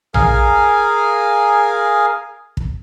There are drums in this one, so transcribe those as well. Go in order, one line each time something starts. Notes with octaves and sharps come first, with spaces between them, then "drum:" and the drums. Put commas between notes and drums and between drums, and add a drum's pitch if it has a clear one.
G#4 A#4 F5 G#5, drum: tom A#1
drum: kick